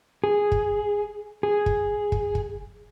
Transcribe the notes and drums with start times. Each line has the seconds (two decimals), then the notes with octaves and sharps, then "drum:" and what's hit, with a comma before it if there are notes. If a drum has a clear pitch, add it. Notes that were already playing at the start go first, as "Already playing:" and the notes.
0.24 G#4
0.52 drum: kick
1.43 G#4
1.66 drum: kick
2.12 drum: kick
2.35 drum: kick